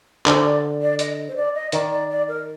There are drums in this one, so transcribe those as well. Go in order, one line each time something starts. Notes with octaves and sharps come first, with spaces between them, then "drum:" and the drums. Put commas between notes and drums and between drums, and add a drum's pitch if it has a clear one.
D3 C5, drum: clap
D5
D5
D#5, drum: hi-hat
C5
D5
D#5
D#3 D5, drum: hi-hat
D5
D5
A#4